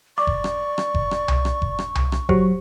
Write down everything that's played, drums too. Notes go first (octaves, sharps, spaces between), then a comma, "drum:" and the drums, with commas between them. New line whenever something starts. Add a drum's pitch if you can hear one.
D5 C#6 D6
drum: kick F#1
drum: rim click
drum: rim click
drum: kick F#1
drum: rim click
drum: tom C2
drum: rim click
drum: kick F#1
drum: rim click
drum: tom C2
drum: rim click
F#3 G4 C5, drum: kick F#1